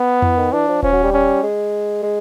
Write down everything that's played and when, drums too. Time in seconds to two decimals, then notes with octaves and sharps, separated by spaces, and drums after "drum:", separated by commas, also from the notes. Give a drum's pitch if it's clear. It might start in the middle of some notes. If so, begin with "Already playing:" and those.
Already playing: B3
0.22 E3, drum: tom F2
0.38 D#3
0.53 E3 D4
0.68 F3
0.83 F3 C#4, drum: kick D#1
0.93 F#3
1.03 G3
1.13 C#4
1.43 G#3
2.03 G#3